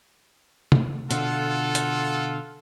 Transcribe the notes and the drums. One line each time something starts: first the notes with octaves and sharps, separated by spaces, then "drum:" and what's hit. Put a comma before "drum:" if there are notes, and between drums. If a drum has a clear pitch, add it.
drum: tom
B2 D3 F4 A4 F#5, drum: hi-hat
drum: hi-hat